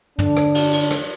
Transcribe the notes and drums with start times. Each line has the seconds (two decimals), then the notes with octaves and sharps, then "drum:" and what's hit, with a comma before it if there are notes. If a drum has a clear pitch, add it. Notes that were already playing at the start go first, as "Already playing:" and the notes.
0.19 D3 D4, drum: tom
0.37 drum: rim click
0.55 drum: cymbal
0.73 drum: cymbal
0.91 drum: rim click